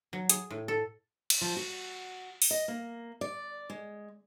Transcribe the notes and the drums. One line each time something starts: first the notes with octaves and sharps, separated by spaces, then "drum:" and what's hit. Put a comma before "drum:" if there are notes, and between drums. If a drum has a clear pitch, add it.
F#3
G#4, drum: hi-hat
A2
A4
drum: cymbal
F3
F#4
drum: open hi-hat
D#5
A#3
D5
G#3